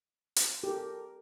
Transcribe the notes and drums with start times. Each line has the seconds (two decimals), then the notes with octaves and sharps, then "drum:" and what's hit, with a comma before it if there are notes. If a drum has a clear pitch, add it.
0.36 drum: hi-hat
0.63 G4 A4 A#4